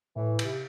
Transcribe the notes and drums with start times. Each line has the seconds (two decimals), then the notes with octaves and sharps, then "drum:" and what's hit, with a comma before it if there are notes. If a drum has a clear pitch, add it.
0.16 A2 E3
0.39 C3, drum: cymbal